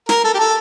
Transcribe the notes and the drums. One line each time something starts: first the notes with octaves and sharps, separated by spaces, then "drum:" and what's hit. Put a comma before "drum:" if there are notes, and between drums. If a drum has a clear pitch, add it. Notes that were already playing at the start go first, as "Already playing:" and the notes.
A#4, drum: snare
A4
G4
A4